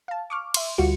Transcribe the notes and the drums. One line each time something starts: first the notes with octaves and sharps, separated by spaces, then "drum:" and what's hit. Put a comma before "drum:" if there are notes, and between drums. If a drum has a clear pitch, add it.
F5 A5
C#6 D6 F6
E5 C6, drum: cymbal
D2 G3 F4 F#4 C#7